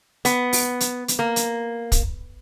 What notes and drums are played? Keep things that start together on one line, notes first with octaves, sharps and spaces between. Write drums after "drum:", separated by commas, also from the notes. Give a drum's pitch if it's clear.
B3, drum: hi-hat
drum: open hi-hat
drum: hi-hat
drum: hi-hat
A#3
drum: hi-hat
drum: kick, hi-hat